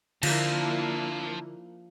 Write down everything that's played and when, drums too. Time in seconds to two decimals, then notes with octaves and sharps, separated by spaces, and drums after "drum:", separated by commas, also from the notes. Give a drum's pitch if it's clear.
0.23 D3 F3 A#3 D4 E4 F5 A5, drum: cymbal